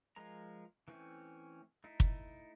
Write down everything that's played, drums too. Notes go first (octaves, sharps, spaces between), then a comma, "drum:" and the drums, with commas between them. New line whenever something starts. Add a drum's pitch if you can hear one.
F3 G#3 A#4 A#5
E3 A3 C4 C#4
A3 D#4 E4
drum: kick